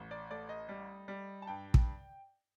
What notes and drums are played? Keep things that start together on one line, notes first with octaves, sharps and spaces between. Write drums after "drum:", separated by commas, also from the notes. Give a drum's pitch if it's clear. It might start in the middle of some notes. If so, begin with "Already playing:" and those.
Already playing: A1
D5
A3 D5
D#5
G3
G3
A5
G2 G5
drum: kick